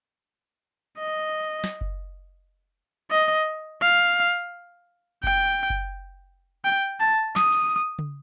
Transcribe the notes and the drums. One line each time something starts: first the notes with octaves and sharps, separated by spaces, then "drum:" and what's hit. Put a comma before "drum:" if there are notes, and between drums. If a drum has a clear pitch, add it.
D#5
drum: snare
drum: kick F#1
D#5
F5
G5, drum: kick F#1
drum: kick F#1
G5
A5
D#6, drum: snare
drum: open hi-hat
drum: tom C#3